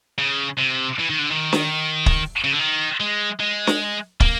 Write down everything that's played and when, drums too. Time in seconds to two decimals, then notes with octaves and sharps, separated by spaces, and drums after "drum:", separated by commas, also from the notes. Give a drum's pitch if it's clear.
0.18 C#3
0.58 C3
0.99 E3
1.10 D#3
1.19 D3
1.30 D#3
1.53 drum: snare
2.06 drum: kick
2.44 C#3
2.52 D3
2.59 D#3
3.00 G#3
3.40 G#3
3.67 drum: snare
4.20 A#3, drum: kick